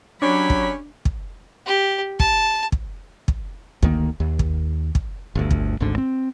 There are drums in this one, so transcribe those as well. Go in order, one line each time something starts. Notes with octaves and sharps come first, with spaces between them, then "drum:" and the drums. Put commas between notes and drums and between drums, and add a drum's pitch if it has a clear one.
F#3 C#4 D4 G4 C#5 B5
drum: kick
drum: kick
G4
A5, drum: kick
drum: kick
drum: kick
D2 D#3 A#3, drum: kick
D#2
drum: kick
drum: kick
G1 D2
drum: kick
G#1 D2 G#2 D3
C4